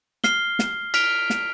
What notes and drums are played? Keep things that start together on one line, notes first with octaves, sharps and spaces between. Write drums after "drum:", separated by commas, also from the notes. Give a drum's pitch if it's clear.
F6 C7 G7, drum: snare
drum: snare
F6 B6 D7 F7, drum: cymbal
drum: snare